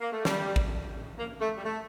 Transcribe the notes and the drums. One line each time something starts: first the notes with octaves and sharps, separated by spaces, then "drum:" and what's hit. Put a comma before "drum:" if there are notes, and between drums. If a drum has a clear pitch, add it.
A#3
A3
G3, drum: snare
drum: kick A1
A#3
A3
G3
A3